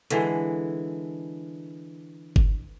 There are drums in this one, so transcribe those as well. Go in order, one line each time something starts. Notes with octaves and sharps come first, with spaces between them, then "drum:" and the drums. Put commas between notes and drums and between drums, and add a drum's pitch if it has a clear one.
D3 E3 G#3, drum: hi-hat
drum: kick G1